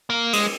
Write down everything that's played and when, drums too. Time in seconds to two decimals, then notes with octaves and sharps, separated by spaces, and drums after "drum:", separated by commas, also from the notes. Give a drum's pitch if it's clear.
0.10 A#3
0.33 G#3, drum: cymbal